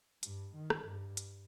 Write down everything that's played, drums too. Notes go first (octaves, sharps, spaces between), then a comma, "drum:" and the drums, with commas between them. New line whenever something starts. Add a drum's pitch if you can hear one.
G2, drum: hi-hat
D#3
drum: rim click
G2
drum: hi-hat